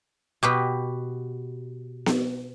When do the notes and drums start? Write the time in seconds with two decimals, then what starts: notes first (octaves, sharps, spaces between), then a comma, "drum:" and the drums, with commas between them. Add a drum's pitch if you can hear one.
0.43 B2 G4 B4
2.06 drum: snare B3